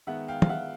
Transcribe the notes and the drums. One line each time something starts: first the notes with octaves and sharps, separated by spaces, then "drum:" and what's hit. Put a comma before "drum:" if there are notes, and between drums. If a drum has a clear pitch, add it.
D#3 G#3 B3 E5 F#5
F5 G5
F5, drum: tom
E5 F#5